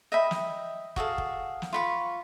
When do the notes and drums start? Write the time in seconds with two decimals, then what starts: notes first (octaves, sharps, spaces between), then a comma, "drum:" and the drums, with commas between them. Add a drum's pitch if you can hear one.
0.12 D#5 E5 G5 B5
0.31 drum: snare
0.96 F#4 G#4 A4 F5, drum: kick
1.18 drum: kick
1.62 drum: snare
1.73 F4 B5 C#6